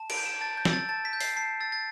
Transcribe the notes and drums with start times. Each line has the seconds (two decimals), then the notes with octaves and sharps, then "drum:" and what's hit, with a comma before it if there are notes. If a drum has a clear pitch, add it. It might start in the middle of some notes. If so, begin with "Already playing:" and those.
Already playing: A5
0.10 D7, drum: cymbal
0.17 G6
0.26 E7
0.41 A5 A6
0.57 G6
0.65 E6, drum: snare
0.73 A6
0.89 A5 A6
1.05 B6
1.13 G6
1.21 C7, drum: open hi-hat
1.36 A5 C7
1.60 E6 A6
1.72 A6